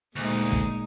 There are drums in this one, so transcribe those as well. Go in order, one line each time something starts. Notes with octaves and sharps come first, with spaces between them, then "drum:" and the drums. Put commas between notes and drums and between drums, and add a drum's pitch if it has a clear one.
D2 A#2 G#3 D#4
drum: kick